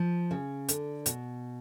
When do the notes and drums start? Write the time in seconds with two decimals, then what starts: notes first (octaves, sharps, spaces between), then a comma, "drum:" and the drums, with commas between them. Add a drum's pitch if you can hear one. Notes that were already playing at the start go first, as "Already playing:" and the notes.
Already playing: F3
0.31 C#3
0.69 D3, drum: hi-hat
1.06 B2, drum: hi-hat